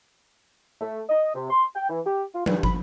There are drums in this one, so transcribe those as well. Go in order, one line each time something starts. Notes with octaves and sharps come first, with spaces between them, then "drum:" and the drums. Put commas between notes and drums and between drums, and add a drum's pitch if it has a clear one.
A3
D#5
C3
C6
G5
E3
G4
F4
G2, drum: tom F3
B5, drum: kick